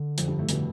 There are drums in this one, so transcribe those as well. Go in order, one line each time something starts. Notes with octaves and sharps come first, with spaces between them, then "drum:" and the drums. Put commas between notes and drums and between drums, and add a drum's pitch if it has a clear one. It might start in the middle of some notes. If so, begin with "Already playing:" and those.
Already playing: D3
F2 F3, drum: hi-hat
G2 G3
A2 A3
B2 D3 B3, drum: hi-hat